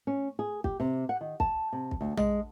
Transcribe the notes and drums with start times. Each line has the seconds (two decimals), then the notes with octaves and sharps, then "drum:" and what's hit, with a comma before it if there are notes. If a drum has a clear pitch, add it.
0.07 C#4
0.39 G#4
0.64 G4, drum: kick
0.80 C3
1.09 F#5
1.21 D#3
1.40 A5, drum: kick
1.73 C3
1.91 drum: kick
2.01 D2
2.17 G#3, drum: tom A#1